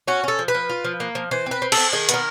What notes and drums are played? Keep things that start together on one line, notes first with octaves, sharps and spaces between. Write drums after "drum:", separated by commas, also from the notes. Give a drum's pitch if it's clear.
C#4 F#4
C#4 A4
F3
B4
F3
F4
F3
A#3
F3
E3 C5
C4 B4
C4
A4, drum: cymbal
C4
D#3 G#4
B3 A#4, drum: hi-hat